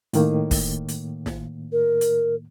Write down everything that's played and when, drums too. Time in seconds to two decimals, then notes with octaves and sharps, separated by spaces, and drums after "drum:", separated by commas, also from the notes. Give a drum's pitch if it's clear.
0.13 A2 D#3 A#3, drum: hi-hat
0.51 drum: kick, open hi-hat
0.88 drum: hi-hat
1.26 drum: snare
1.72 A#4
2.01 drum: hi-hat